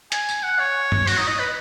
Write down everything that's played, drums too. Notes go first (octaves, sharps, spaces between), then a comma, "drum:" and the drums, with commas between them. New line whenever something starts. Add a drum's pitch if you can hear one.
G#5, drum: hi-hat
drum: tambourine
F#5
C#5
drum: tom
F#4, drum: open hi-hat
D#4
D#5
B4